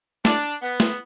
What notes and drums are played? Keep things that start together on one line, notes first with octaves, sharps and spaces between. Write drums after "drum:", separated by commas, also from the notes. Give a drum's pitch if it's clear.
D4, drum: snare
B3
drum: snare